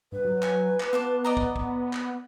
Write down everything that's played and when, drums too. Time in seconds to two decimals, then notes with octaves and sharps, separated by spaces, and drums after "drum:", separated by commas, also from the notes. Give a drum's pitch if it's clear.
0.12 G2 B4
0.25 F#3
0.43 G#5, drum: clap
0.80 drum: clap
0.93 B3 F4 A5 D6
1.24 D5 D#5 A#5
1.37 drum: kick
1.56 drum: kick
1.93 drum: clap